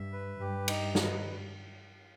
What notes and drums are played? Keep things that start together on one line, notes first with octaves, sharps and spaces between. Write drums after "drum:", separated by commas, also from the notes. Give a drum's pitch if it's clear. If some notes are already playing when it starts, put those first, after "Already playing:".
Already playing: G2 E5
B4
G2 G4
D#4, drum: cymbal
B4, drum: snare